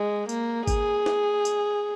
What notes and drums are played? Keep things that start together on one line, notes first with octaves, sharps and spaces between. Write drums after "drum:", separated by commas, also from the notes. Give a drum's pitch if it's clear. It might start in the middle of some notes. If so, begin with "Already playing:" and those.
Already playing: G#3
A#3, drum: tambourine
G#4, drum: kick G#1, tambourine
drum: snare
drum: tambourine